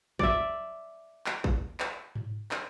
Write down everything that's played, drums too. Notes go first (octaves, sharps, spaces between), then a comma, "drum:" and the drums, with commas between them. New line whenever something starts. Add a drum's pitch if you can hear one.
D5 E5, drum: kick
drum: clap
drum: kick
drum: clap
drum: tom G#2
drum: clap